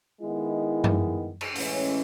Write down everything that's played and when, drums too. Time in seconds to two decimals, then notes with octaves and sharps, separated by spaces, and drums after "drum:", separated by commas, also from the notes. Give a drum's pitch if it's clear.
0.22 D#3 G#3 B3 E4
0.84 drum: tom F#2
1.41 drum: cymbal
1.55 A2 E3 G#3 C#4, drum: open hi-hat